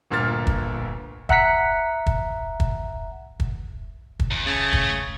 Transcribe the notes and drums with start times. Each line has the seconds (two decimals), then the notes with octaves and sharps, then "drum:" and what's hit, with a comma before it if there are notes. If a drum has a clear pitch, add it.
0.11 G1 D2 A#2 A#4 F6 A6
0.47 drum: kick
1.29 E5 F#5 A#5 F#6 B6 C#7, drum: kick
2.06 drum: kick
2.60 drum: kick
3.40 drum: kick
4.20 drum: kick
4.31 E2
4.46 C#3 A3
4.73 drum: kick